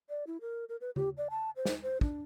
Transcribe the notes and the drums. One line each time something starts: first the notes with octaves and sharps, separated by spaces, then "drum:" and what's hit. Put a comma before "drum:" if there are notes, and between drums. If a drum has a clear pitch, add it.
D5
E4
A#4
A#4
B4
G4, drum: tom C#3
D5
A5
C5
drum: snare
C5
D4, drum: kick